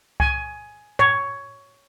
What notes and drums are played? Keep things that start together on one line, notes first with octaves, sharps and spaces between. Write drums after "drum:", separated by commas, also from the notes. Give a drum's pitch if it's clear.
G#5, drum: kick C2
C#5, drum: tom